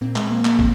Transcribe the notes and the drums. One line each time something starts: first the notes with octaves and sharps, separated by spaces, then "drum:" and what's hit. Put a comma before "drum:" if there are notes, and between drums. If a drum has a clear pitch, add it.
A#2 C4
G#3, drum: clap
F3 A#3
A#3, drum: clap
A#2 C4, drum: kick